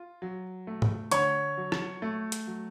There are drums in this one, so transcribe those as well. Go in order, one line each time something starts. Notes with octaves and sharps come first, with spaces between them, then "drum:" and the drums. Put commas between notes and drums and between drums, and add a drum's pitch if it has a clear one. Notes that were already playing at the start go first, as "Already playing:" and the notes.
Already playing: F4
F#3
A3
drum: tom G#2
D3 C#5 C#6, drum: hi-hat
F#3
drum: rim click
A3
drum: hi-hat
F#3